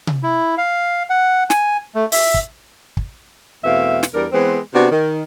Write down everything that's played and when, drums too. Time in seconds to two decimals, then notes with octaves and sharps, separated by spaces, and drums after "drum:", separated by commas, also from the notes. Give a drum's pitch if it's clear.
0.07 drum: tom C3
0.23 E4
0.58 F5
1.10 F#5
1.50 G#5, drum: snare
1.95 A3
2.12 E5, drum: open hi-hat
2.34 drum: kick
2.97 drum: kick
3.64 E2 B2 A3 C4 E5 F5
4.03 drum: snare
4.14 E2 G3 D4 A#4
4.32 E3 G#3 B3 C4
4.74 C3 B3 D4 F#4
4.91 D#3